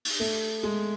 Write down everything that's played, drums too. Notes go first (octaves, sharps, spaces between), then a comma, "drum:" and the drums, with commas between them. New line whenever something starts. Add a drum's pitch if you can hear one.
drum: open hi-hat
A3
G#3